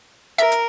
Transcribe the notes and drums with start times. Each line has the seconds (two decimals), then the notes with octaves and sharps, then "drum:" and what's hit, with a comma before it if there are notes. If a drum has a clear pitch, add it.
0.38 A#4 E5, drum: hi-hat
0.52 drum: hi-hat